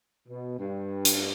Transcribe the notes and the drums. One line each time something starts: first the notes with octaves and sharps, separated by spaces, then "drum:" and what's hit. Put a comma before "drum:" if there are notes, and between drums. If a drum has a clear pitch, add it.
B2
G2
drum: hi-hat